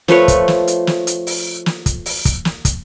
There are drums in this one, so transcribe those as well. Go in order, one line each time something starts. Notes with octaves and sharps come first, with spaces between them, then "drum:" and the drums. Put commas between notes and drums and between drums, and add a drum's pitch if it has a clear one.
F3 A3 B4 C#5, drum: snare
drum: kick, hi-hat
drum: snare
drum: hi-hat
drum: snare
drum: hi-hat
drum: open hi-hat
drum: snare
drum: kick, hi-hat
drum: open hi-hat
drum: kick, hi-hat
drum: snare
drum: kick, hi-hat